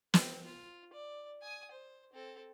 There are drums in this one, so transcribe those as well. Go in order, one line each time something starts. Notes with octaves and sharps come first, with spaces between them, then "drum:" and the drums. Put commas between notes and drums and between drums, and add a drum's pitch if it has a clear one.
C4, drum: snare
F4
D5
G#5 D#6
C5
C4 A4